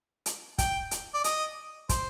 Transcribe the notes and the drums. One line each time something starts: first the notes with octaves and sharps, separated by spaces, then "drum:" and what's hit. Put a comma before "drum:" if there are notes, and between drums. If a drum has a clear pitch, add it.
drum: hi-hat
G5, drum: kick, hi-hat
drum: hi-hat
D5
D#5, drum: hi-hat
C5, drum: kick, hi-hat